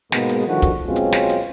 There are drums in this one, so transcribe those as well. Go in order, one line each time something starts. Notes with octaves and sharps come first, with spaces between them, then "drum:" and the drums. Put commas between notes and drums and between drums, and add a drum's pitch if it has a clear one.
G#2 B2 G#3 A#3 B3, drum: snare
drum: hi-hat
D3 D#3 F3 G3 F#4
drum: kick, hi-hat
B2 F#3 G#3 C4 C#4 F4
drum: hi-hat
drum: snare
drum: hi-hat